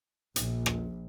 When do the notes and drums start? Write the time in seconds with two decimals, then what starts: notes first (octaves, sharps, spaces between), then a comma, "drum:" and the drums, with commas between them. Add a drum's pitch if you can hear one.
0.36 A#1, drum: hi-hat
0.66 drum: rim click